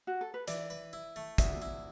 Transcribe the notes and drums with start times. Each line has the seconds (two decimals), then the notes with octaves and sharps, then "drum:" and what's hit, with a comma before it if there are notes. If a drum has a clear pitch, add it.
0.07 F#4
0.21 A4
0.34 B4
0.48 E3 D5, drum: hi-hat
0.70 B4
0.93 E4
1.16 A3
1.38 D2 E5, drum: kick, hi-hat
1.62 E4